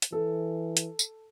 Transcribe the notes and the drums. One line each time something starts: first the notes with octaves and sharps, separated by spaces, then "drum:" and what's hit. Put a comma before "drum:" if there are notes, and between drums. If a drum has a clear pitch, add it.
drum: hi-hat
E3 A4
drum: hi-hat
drum: tambourine